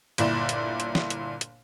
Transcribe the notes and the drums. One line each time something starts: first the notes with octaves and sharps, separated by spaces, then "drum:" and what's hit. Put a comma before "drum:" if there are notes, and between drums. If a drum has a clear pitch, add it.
G1 A#2 E4 D5 E7, drum: hi-hat
drum: hi-hat
drum: hi-hat
drum: snare
drum: hi-hat
drum: hi-hat